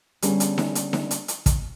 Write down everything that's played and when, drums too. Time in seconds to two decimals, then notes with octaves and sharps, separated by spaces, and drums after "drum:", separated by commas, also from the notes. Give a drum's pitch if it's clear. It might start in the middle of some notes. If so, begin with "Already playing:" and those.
0.22 D3 G3 B3 C#4 G#4, drum: hi-hat
0.40 drum: hi-hat
0.58 drum: snare D#4
0.75 drum: hi-hat
0.93 drum: snare D#4
1.11 drum: hi-hat
1.28 drum: hi-hat
1.46 drum: kick, hi-hat